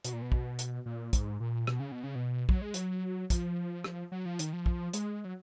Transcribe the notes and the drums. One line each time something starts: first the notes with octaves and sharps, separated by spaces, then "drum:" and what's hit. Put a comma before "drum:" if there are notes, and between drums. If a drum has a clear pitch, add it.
B2, drum: hi-hat
A#2
B2
drum: kick
drum: hi-hat
A#2
G#2, drum: kick, hi-hat
A#2
B2, drum: rim click
C#3
B2
C#3
B2
F#3, drum: kick
G#3
F#3, drum: hi-hat
F3, drum: kick, hi-hat
drum: rim click
F#3
F3
D#3, drum: hi-hat
F3
drum: kick
G#3, drum: hi-hat
F#3